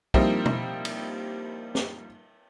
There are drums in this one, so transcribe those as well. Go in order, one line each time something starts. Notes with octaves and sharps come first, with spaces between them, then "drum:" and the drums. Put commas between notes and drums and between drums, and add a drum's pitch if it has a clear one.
F3 G3 A#3 C4 D#4 E4, drum: kick
drum: tom B2
drum: cymbal
drum: snare